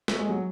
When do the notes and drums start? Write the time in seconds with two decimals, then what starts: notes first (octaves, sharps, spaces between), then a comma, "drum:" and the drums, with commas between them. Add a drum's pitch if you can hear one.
0.08 A3, drum: snare
0.19 G#3
0.30 F#3